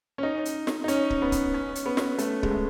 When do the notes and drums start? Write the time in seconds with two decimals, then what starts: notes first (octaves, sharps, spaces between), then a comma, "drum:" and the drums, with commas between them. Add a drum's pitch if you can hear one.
0.18 C#4
0.23 D#4
0.45 drum: hi-hat
0.67 drum: snare
0.84 D#4
0.88 C#4, drum: hi-hat
1.10 drum: kick
1.22 B3
1.32 drum: kick, hi-hat
1.54 C#4
1.75 drum: hi-hat
1.86 B3
1.97 drum: snare
2.18 A3, drum: hi-hat
2.43 G#3, drum: kick
2.51 A3